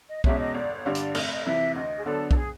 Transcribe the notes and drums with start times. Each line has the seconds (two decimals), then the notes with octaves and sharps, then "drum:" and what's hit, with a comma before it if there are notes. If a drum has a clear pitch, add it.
0.09 D#5
0.24 E2 B2 G#3 C#4 E5, drum: kick B1
0.39 D#5
0.54 G1 D5
0.75 C#5
0.85 G2 D3 G3
0.95 D5, drum: hi-hat
1.15 F1 D#5, drum: cymbal
1.24 E5
1.32 D#5
1.45 F2 C3 E3 E5
1.75 D2 D#5
1.97 G#4
2.05 D3 F#3 B3 D4 A4
2.31 A4, drum: kick B1
2.36 G#4